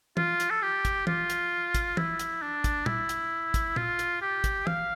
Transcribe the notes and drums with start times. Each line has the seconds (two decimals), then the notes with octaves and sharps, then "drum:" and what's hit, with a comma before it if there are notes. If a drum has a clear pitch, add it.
0.17 F4, drum: tom
0.40 drum: hi-hat
0.50 A4
0.62 G4
0.85 drum: kick, hi-hat
1.07 F4, drum: tom
1.30 drum: hi-hat
1.75 drum: kick, hi-hat
1.97 E4, drum: tom
2.19 drum: hi-hat
2.42 D4
2.64 drum: kick, hi-hat
2.86 E4, drum: tom
3.09 drum: hi-hat
3.54 drum: kick, hi-hat
3.76 F4, drum: tom
3.99 drum: hi-hat
4.22 G4
4.44 drum: kick, hi-hat
4.67 F5, drum: tom